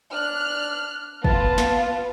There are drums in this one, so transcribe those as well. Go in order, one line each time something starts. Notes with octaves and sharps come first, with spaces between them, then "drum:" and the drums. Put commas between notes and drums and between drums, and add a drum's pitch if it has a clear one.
D4 F6 F#6
B3 F4 A5, drum: kick
drum: snare